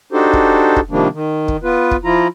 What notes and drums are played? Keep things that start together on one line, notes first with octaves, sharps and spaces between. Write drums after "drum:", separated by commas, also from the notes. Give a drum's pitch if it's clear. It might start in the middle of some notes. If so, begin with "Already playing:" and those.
D4 D#4 F#4 G4 A4 C5
drum: kick
drum: kick
C3 D#3 F3 G3 A#3 D4
D#3
drum: kick
B3 F4 B4
drum: kick
F3 E4 F4 A#5